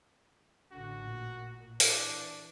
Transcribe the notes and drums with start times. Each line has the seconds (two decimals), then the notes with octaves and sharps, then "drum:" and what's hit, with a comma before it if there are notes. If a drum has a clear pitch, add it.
0.72 A1 D3 F#4
1.05 A#2
1.80 E3 D4, drum: open hi-hat